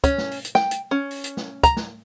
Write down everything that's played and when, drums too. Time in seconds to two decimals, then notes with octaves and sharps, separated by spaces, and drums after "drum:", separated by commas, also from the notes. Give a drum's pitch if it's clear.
0.04 C#4, drum: kick, hi-hat
0.18 drum: snare
0.31 drum: open hi-hat
0.45 drum: hi-hat
0.55 G5, drum: snare
0.71 drum: hi-hat
0.91 C#4
1.11 drum: open hi-hat
1.24 drum: hi-hat
1.37 drum: snare
1.63 A#5, drum: kick, hi-hat
1.77 drum: snare